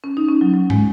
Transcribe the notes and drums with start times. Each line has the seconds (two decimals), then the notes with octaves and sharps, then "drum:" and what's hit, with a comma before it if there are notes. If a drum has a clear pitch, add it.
0.04 C#4
0.17 D#4
0.28 C#4
0.41 F#3
0.53 F#3
0.70 G#3, drum: tom